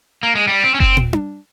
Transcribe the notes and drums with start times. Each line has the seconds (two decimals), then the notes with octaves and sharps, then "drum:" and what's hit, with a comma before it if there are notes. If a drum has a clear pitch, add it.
0.23 A#3
0.35 G#3
0.48 G3
0.64 C4
0.75 C#4
0.80 C4, drum: kick F#1
0.97 drum: tom
1.13 drum: tom D4